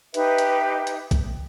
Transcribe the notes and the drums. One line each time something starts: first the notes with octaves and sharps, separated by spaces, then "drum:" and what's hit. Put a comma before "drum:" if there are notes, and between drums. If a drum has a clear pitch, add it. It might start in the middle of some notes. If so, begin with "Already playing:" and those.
D#4 G4 B4 E5, drum: hi-hat
drum: hi-hat
drum: hi-hat
drum: kick B1, hi-hat